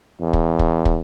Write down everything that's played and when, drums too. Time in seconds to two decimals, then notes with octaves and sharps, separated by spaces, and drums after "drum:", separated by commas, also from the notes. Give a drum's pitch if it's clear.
0.20 E2
0.33 drum: kick
0.59 drum: kick
0.85 drum: kick